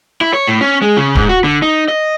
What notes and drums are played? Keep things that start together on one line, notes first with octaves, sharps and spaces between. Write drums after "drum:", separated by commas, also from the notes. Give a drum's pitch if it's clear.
E4
C#5
A2
C#4
G#3
C#3
G#2, drum: kick D1
F#4
D3
D#4
D#5